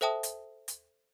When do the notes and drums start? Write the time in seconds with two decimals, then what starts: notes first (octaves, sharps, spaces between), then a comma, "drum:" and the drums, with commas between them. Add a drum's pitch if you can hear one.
0.01 A4 C5 E5 G5 A5 D#6
0.23 drum: hi-hat
0.68 drum: hi-hat